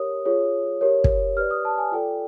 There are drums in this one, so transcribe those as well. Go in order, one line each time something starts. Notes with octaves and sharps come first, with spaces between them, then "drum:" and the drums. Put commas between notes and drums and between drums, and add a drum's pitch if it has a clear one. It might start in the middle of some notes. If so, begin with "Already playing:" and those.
Already playing: G4 A#4 C#5 D#6
F4 G#4 C#5
G4 A#4 C#5
drum: kick
G4 B4 D5 F6
D#6
A5
G#5
F4 A4 D5 G5